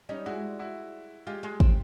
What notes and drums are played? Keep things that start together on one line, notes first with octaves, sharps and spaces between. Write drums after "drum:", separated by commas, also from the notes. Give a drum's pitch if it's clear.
G3 C#4 D#4
G#3 E4 F#4
E4 F#4
G#3 F4 G4
G#3
C4, drum: kick